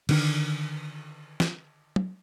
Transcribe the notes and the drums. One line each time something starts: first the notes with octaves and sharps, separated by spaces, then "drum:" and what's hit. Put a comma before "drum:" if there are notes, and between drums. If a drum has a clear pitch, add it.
D3 D#3 D4, drum: cymbal
drum: snare
drum: tom